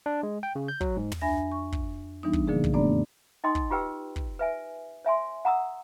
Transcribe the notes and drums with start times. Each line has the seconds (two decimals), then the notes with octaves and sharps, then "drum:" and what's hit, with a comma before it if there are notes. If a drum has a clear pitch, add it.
0.06 D4
0.23 G#3
0.43 G5
0.55 C#3
0.68 G6
0.81 F#3, drum: kick
0.97 G#2
1.12 drum: tom
1.21 F2 D4 E5 G#5 B5 A#6
1.52 C#6
1.72 drum: kick
2.23 E3 G3 B3 D4 D#4
2.33 drum: kick
2.47 A#2 D3 F3 A#3 G#4
2.64 drum: kick
2.74 F#2 A3 B3 D4 D5 A#5
3.44 D#4 D#5 G5 C6 D#6
3.55 drum: kick
3.70 F4 G4 B4 G5 E6
4.16 drum: kick
4.39 B4 E5 G#5
5.05 C#5 E5 G#5 C6
5.45 F#5 A#5 D#6 E6